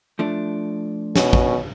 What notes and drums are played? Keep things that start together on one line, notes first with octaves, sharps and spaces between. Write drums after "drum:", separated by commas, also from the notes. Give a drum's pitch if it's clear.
F3 A3 D4
B2 C#4, drum: snare
drum: kick